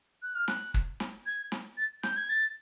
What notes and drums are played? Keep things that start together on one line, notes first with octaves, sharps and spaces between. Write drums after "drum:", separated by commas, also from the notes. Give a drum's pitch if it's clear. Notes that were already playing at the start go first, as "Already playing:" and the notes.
F#6
F6
F#6, drum: snare
drum: kick
drum: snare
G#6
drum: snare
A6
G6, drum: snare
G#6
A6